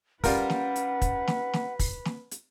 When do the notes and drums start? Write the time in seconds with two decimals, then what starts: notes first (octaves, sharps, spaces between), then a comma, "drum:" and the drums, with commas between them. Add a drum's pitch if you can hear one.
0.24 G3 C#4 F4 A#4 B4 F#5, drum: kick, open hi-hat
0.50 drum: snare
0.76 drum: hi-hat
1.02 drum: kick, hi-hat
1.28 drum: snare
1.53 drum: snare
1.79 drum: kick, open hi-hat
2.05 drum: snare
2.31 drum: hi-hat